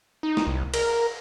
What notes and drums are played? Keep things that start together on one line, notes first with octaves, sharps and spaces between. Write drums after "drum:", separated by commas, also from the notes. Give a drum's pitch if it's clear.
D#4
drum: snare
C2
A#4, drum: cymbal